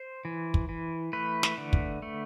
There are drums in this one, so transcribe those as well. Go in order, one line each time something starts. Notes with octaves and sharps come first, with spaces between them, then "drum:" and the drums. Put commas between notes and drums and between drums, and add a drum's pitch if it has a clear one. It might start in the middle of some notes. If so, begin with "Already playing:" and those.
Already playing: C5
E3
drum: kick
E3
A3 B4
drum: snare
D3
drum: kick
A3